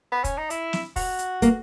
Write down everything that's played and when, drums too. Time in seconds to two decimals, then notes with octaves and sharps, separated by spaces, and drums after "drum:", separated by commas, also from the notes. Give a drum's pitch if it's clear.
0.12 B3
0.24 C#4, drum: kick, hi-hat
0.38 D#4
0.50 E4, drum: hi-hat
0.73 drum: snare
0.96 F#4, drum: kick, open hi-hat
1.19 drum: hi-hat
1.42 A#3, drum: kick, hi-hat